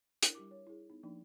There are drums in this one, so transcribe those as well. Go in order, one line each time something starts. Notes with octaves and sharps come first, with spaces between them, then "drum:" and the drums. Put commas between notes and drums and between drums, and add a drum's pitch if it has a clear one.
D4 E4 A#4, drum: hi-hat
G3 G4 D6
C#5
E4 G#4
B3 D#4
F3 A#3 D4 D#4